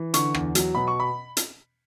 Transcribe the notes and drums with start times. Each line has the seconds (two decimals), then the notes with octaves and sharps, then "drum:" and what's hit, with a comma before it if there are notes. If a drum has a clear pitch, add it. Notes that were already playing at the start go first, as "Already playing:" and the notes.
Already playing: E3
0.14 D3 C#6, drum: hi-hat
0.35 E2, drum: rim click
0.55 F#3, drum: hi-hat
0.75 B2 B5
0.87 C#6
1.00 B5
1.37 drum: hi-hat